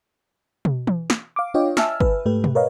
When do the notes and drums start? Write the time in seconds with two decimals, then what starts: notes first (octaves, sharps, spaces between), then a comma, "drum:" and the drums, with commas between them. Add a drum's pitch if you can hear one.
0.65 drum: tom
0.87 drum: tom E3
1.10 drum: snare
1.36 F5 D6
1.54 D4 F4 C#5 D#5 F5 G5
1.77 E5 G#5 A5 E6 F6, drum: snare
2.00 B4, drum: kick
2.26 G#2 A3 G4 B4
2.44 drum: tom B2
2.55 A#4 B4 C#5 D#5 F5